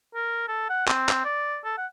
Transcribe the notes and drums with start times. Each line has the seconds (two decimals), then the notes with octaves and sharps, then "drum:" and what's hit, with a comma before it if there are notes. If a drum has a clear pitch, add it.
0.15 A#4
0.48 A4
0.70 F#5
0.88 C4, drum: clap
1.09 drum: clap
1.25 D5
1.64 A4
1.78 F#5